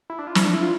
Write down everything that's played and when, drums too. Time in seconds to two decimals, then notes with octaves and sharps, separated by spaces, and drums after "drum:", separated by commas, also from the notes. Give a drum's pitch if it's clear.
0.10 E4
0.19 D4
0.27 F4
0.35 E4, drum: snare
0.45 D4
0.54 E4
0.62 F4